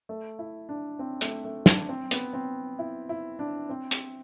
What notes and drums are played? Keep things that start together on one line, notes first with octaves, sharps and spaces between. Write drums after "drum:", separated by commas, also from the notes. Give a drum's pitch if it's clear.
A3
E4
D4
C4
A3, drum: hi-hat
A3
D4, drum: snare
C4
B3, drum: hi-hat
C4
E4
E4
D4
C4
drum: hi-hat